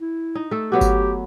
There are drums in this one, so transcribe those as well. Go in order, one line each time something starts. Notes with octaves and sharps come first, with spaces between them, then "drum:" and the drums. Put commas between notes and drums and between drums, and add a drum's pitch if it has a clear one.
E4
D#4
A3 A4
F#3 B3 F#4 G4
drum: kick G1, tambourine